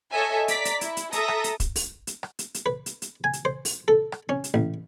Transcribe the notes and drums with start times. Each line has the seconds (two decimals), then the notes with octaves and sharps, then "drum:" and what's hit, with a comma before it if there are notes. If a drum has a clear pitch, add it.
0.12 A4 C#5 D#5 E5 G#5
0.48 D5 A#5 D6 B6, drum: hi-hat
0.65 drum: hi-hat
0.81 E4, drum: hi-hat
0.97 drum: hi-hat
1.12 A4 E5 A#5 D#6 A#6, drum: hi-hat
1.28 drum: rim click
1.44 drum: hi-hat
1.60 drum: kick, hi-hat
1.76 drum: open hi-hat
2.07 drum: hi-hat
2.23 drum: rim click
2.39 drum: hi-hat
2.54 drum: hi-hat
2.66 B4
2.86 drum: hi-hat
3.02 drum: hi-hat
3.24 G#5
3.33 drum: hi-hat
3.45 C5
3.65 drum: open hi-hat
3.88 A4
4.12 drum: rim click
4.29 C#4
4.44 drum: hi-hat
4.54 A1